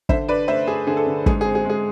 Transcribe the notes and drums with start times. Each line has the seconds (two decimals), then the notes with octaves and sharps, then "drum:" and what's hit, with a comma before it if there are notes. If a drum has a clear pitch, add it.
0.09 D3 C5 E5, drum: kick
0.28 D4 B4 D5
0.48 A3 C5 E5
0.67 A3 G#4
0.87 D3 G#4
0.97 A4
1.07 D3
1.26 G#2 G#4, drum: kick
1.41 G#4
1.46 C4
1.55 G#4
1.65 G#3 G#4